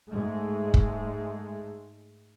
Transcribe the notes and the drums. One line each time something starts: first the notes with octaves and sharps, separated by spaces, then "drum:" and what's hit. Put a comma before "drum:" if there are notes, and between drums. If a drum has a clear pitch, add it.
G#2 G#3 A3
drum: kick